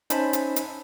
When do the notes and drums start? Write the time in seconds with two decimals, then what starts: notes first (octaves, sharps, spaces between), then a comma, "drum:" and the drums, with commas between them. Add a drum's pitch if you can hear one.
0.10 C#4 D#4 C5 A5 B5, drum: hi-hat
0.33 drum: hi-hat
0.56 drum: hi-hat